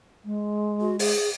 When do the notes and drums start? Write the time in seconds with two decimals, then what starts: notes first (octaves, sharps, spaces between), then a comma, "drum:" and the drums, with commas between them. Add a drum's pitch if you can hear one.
0.25 G#3
0.81 F#4
0.99 G#4, drum: open hi-hat